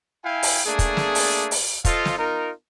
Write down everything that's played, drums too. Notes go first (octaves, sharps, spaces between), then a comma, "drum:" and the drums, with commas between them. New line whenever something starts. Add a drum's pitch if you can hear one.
E4 F5 G5 G#5
drum: open hi-hat
A3 A#3 D4 G#4
drum: kick, hi-hat
drum: snare
drum: open hi-hat
drum: open hi-hat
F4 A4 C5 D#5 F5, drum: kick, hi-hat
drum: snare
D#4 F4 A#4